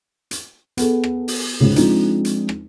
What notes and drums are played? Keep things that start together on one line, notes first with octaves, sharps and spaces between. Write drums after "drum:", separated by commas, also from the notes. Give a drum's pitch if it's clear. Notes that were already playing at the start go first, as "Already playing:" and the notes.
drum: hi-hat
B3 G#4 A4, drum: hi-hat
drum: rim click
drum: open hi-hat
C#2 G#2 C#3
F3 G#3 C4 D4 D#4, drum: hi-hat
drum: hi-hat
drum: rim click